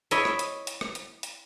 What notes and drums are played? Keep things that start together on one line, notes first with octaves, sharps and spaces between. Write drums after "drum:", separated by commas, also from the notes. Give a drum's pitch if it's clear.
E4 C#5 D#5 E5, drum: hi-hat
drum: rim click
drum: hi-hat
drum: hi-hat
drum: rim click
drum: hi-hat
drum: hi-hat